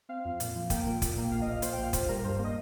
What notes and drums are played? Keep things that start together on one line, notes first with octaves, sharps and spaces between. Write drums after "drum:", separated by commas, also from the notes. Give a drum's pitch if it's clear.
C4 F5
F2
A#2, drum: hi-hat
F3
A#3 G5, drum: kick, hi-hat
A#2
A#2, drum: kick, hi-hat
A#3
A#1 F5
D#5
A#2 F5
A#2 C5, drum: hi-hat
A#1 G5
F5
A#2 C5, drum: kick, hi-hat
G3 A#4
A#4
G2 C5
A#3
D#5